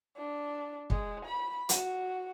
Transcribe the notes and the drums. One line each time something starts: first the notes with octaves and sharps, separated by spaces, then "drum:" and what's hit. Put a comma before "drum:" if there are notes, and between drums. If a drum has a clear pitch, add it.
D4
G#3, drum: kick
B5
F#4, drum: hi-hat